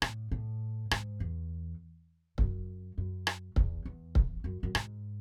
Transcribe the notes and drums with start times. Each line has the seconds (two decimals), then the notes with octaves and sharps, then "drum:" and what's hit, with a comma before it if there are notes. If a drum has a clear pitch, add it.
0.02 A2, drum: rim click
0.32 A2
0.91 G#2, drum: rim click
1.20 E2
2.38 F#2, drum: kick C#1
2.98 F#2
3.27 drum: rim click
3.56 E2, drum: kick C#1
3.85 E2
4.15 drum: kick C#1
4.44 F#2
4.63 F#2
4.75 G#2, drum: rim click